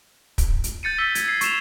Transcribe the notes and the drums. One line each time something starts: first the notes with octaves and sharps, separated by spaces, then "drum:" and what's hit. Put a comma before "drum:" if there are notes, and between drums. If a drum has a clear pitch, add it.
drum: kick, hi-hat
drum: hi-hat
G6 A6 C#7 D#7
E6 A6 B6 C#7 G7
G#6, drum: hi-hat
C7
C#6 E6 E7 F7, drum: hi-hat